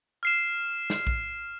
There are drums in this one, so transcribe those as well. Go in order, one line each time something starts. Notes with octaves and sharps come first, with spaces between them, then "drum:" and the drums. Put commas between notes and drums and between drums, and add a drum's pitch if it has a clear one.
F6 C7 E7
drum: snare
drum: kick B1